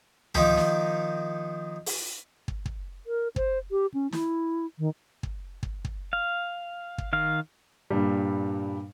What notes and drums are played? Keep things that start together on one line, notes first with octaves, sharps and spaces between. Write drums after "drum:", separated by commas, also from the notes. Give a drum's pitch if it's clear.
D#3 F3 A#3 D#4 G4, drum: tom C#2
drum: snare
drum: open hi-hat
drum: kick
drum: kick
A#4
C5, drum: kick
G4
C#4
E4, drum: snare
D#3
drum: kick
drum: kick
drum: kick
F5
drum: kick
D#3 F5
G2 A#2 G3